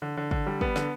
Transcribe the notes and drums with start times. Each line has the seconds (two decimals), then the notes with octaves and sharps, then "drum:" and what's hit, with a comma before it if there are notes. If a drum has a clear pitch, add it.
0.02 D3
0.17 D3
0.31 D3, drum: kick
0.47 G3
0.61 B3, drum: kick
0.76 D3, drum: snare